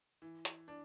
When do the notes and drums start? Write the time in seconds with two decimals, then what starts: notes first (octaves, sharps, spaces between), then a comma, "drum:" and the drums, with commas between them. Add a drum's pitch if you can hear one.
0.22 E3
0.45 drum: hi-hat
0.68 D4